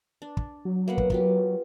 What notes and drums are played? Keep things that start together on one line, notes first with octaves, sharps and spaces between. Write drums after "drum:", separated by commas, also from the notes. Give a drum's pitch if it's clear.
D4
drum: kick
F#3
A#3 B3 F#5
drum: kick
B3 F4 G4, drum: kick